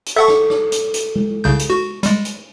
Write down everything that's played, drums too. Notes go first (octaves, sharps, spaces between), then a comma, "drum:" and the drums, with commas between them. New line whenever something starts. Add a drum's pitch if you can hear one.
drum: hi-hat
A4 E5 F#5 C#6
drum: rim click
drum: rim click
drum: hi-hat
drum: hi-hat
drum: tom G#3
C2 C#3 G6
drum: hi-hat
F#4
G3 G#3, drum: hi-hat
drum: hi-hat